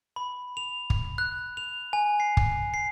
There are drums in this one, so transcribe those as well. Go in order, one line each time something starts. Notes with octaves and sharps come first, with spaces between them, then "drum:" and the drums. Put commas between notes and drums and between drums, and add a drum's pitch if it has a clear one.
B5
F7
drum: kick
F#6
F7
G#5
C7
drum: kick
C7